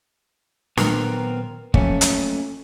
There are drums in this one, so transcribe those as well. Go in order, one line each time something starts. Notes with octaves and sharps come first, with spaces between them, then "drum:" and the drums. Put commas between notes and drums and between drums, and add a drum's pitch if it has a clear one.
A#2 D#3 F#3 B3 C4 A#4, drum: snare
F2 F3 F#3 A3 A#3 C#4, drum: kick
drum: hi-hat